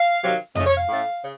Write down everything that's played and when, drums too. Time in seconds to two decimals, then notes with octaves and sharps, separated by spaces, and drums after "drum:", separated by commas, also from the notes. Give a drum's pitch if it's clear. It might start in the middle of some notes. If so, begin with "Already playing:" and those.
Already playing: F5
0.23 C3 D#3 F#3
0.55 F2 C#3 A3 C#4 D#5, drum: tom F2
0.67 C#5
0.77 F5
0.89 A2 A3 C#4
1.22 C#3